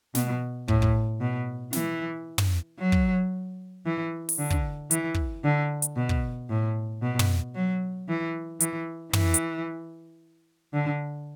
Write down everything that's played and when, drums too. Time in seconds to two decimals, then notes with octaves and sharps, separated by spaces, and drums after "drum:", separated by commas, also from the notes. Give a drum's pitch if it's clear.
0.15 B2, drum: snare
0.68 A2, drum: kick
0.82 drum: kick
1.21 B2
1.73 E3, drum: snare
2.38 drum: tom
2.79 F#3
2.92 drum: kick
3.86 E3
4.29 drum: open hi-hat
4.38 D3
4.50 drum: kick
4.91 E3, drum: hi-hat
5.14 drum: kick
5.44 D3
5.82 drum: hi-hat
5.97 B2
6.09 drum: kick
6.50 A2
7.02 B2
7.19 drum: tom
7.55 F#3
8.09 E3
8.60 E3, drum: hi-hat
9.13 E3, drum: tom
9.34 drum: hi-hat
10.73 D3